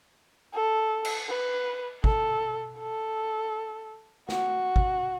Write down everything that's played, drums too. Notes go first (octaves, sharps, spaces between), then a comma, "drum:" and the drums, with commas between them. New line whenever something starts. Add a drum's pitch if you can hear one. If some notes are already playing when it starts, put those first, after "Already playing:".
A4
drum: cymbal
B4
A4, drum: kick
A4
F#4, drum: snare
drum: kick